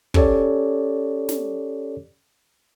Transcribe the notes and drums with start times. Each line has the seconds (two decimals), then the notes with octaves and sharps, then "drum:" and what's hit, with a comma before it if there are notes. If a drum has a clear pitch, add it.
0.14 C#4 G4 A4 C#5 D5, drum: kick
1.29 drum: snare